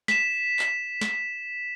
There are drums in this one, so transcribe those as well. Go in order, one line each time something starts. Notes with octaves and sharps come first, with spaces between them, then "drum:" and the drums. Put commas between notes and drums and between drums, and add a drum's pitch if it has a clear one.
B6 E7, drum: snare
drum: clap
drum: snare